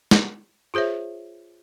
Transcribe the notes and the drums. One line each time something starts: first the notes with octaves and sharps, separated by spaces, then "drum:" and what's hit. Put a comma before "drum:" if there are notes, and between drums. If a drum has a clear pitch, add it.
drum: snare
F4 G#4 C5 C#5 E5